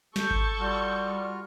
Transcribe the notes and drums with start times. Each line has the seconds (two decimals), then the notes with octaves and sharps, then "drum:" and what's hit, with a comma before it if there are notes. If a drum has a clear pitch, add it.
0.16 A4 C#6 G6, drum: snare
0.31 drum: kick G#1
0.60 G3 F4 F#4 F6